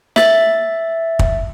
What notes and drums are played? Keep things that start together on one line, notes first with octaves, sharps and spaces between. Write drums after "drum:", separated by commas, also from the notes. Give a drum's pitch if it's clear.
E5 A6, drum: snare
drum: kick